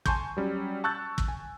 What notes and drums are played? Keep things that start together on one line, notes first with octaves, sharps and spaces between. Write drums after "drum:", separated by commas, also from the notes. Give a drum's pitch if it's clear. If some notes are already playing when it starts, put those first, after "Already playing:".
G#5 A5 C6 C#6 G6, drum: kick
F#3 G3 C#4
A5 C#6 E6 F#6 G6 A6
drum: kick
G#5